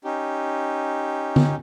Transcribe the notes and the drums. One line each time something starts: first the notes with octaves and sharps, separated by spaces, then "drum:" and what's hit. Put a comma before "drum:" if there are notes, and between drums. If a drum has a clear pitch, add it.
C#4 D#4 G4
drum: tom D3